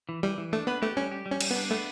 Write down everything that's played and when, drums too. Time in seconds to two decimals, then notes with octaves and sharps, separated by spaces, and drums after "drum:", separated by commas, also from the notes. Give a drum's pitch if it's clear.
0.09 E3
0.23 E3 G3
0.38 E3
0.53 A3 D4
0.67 B3 B4
0.82 A3 G4
0.96 G3 C#4
1.12 G4
1.26 G3
1.31 C#4
1.41 G3, drum: cymbal
1.51 B3
1.56 D4
1.70 A3 B3